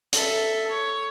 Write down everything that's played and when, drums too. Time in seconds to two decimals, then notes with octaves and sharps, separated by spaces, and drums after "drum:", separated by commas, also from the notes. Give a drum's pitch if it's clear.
0.13 A4 E5, drum: hi-hat
0.70 C#5